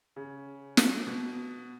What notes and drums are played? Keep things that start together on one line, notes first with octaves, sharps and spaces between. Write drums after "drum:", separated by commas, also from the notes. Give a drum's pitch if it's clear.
C#3
drum: snare
B2